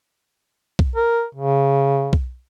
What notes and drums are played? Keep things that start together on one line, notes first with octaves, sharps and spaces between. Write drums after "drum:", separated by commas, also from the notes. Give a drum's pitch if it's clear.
drum: kick B1
A#4
C#3
drum: kick B1